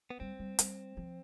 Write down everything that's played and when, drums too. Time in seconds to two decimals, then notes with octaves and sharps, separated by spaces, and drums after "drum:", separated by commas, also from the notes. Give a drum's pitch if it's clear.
0.10 B3
0.20 G3 C4
0.39 G3
0.59 G3, drum: hi-hat
0.97 F3